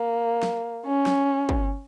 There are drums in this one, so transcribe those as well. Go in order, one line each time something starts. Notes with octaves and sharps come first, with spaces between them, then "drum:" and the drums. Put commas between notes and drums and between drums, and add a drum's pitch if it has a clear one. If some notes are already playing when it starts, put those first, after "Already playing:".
Already playing: A#3
drum: snare
C#4
drum: snare
drum: kick